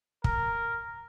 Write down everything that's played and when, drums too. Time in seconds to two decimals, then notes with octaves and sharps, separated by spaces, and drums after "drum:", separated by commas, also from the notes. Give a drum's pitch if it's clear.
0.24 A#4, drum: kick